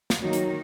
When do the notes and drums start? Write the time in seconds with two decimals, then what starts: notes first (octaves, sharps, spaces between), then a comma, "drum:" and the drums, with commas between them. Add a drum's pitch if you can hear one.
0.10 drum: snare
0.22 D#3 F#3 A#3 D#4
0.33 drum: hi-hat